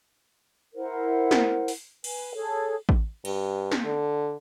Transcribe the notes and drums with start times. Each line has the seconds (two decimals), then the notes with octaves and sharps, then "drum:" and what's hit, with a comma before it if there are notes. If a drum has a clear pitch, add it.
0.75 E4 A#4 C5 F#5
1.31 drum: snare
1.68 drum: open hi-hat
2.04 B4 G#5, drum: cymbal
2.35 G#4 A4 C#5
2.89 drum: kick A1
3.25 G2, drum: cymbal
3.72 drum: snare
3.84 D3